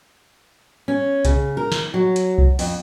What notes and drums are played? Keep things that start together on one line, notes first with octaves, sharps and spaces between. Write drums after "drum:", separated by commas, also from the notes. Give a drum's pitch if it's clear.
C#4
C#3, drum: kick C2, hi-hat
A#4
drum: snare
F#3
drum: hi-hat
drum: kick C2
F2, drum: open hi-hat